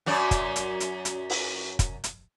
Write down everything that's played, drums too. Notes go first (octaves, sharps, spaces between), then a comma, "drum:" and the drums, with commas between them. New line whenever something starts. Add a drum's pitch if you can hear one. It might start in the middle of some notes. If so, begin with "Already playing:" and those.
F#2 F#3 D5
drum: kick, hi-hat
drum: hi-hat
drum: hi-hat
drum: hi-hat
drum: open hi-hat
drum: kick, hi-hat
drum: hi-hat